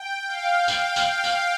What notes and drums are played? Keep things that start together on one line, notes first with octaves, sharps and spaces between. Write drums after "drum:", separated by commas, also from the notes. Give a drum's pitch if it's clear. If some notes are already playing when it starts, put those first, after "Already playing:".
Already playing: G5
F5
G5, drum: tambourine
drum: tambourine
F5
drum: tambourine